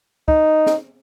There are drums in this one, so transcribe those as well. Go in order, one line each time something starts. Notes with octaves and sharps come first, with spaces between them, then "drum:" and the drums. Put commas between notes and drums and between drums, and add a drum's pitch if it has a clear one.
D#4, drum: kick
drum: snare